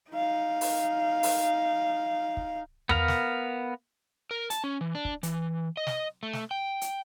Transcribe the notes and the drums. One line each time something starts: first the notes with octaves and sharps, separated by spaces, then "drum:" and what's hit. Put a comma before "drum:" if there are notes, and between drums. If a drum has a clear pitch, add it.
D#4 F5
drum: open hi-hat
drum: open hi-hat
drum: kick
B3 A#4 F5, drum: tom E2
drum: snare
A#4
A5, drum: hi-hat
C#4
E3
D4
drum: kick
E3, drum: hi-hat
D#5
drum: snare
A3
drum: snare
G5
drum: hi-hat